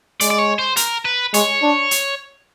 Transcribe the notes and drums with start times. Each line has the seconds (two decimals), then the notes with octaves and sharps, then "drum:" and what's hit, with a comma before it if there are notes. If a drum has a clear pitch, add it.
0.20 G#3 D5, drum: hi-hat
0.31 D5
0.39 C#5
0.59 C5
0.77 A#4, drum: hi-hat
1.05 B4
1.34 G#3 C#5, drum: hi-hat
1.63 D4
1.91 drum: hi-hat